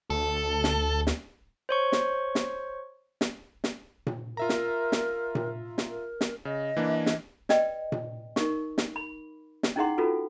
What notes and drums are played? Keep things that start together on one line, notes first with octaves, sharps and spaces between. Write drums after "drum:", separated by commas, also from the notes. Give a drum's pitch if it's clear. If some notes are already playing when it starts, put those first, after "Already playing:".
D2 A4
drum: snare
drum: snare
C5 C#5 C#6
drum: snare
drum: snare
drum: snare
drum: snare
drum: tom A#2
F4 A#4 E5 A#5
drum: snare
drum: snare
drum: tom A#2
drum: snare
A#4
drum: snare
C#3 D#5
E3 A#3 D4
drum: snare
B4 D5 D#5 G5, drum: snare
drum: tom A#2
D#4 A#4 C#6, drum: snare
drum: snare
B5
drum: snare
C#4 D#4 E4 G#4 F#5 C6
C#4 F4 F#4 A4 B4